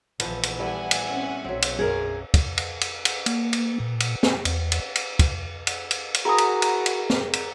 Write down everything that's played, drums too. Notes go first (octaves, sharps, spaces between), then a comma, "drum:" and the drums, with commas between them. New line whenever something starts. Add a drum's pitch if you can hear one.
A#1 E3 F3 B3, drum: cymbal
drum: cymbal
G3 A3 E4 E5 F#5 G#5
drum: cymbal
C4 C#4
B1 F#3 C4
drum: cymbal
F#2 G#4 A#4
drum: kick, cymbal
drum: cymbal
drum: cymbal
drum: cymbal
A#3, drum: cymbal
drum: cymbal
A#2
drum: cymbal
G#5, drum: snare
E2, drum: cymbal
drum: cymbal
drum: cymbal
drum: kick, cymbal
drum: cymbal
drum: cymbal
drum: cymbal
E4 F#4 G#4 A#4 G#5 A#5 D#6
drum: cymbal
drum: cymbal
drum: cymbal
drum: snare
drum: cymbal